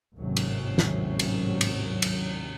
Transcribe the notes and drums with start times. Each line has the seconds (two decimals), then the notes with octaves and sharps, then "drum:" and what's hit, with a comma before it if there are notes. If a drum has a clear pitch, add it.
0.16 G#1 D#2 A2 C3 F#3 C#4
0.37 drum: cymbal
0.78 drum: snare
1.19 drum: cymbal
1.61 drum: cymbal
2.02 drum: cymbal